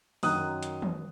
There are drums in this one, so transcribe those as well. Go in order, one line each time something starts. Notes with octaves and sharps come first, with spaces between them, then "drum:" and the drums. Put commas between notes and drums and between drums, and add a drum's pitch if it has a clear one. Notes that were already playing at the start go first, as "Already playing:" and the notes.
F#2 D#3 F#3 D#6 F#6, drum: open hi-hat
drum: hi-hat
drum: tom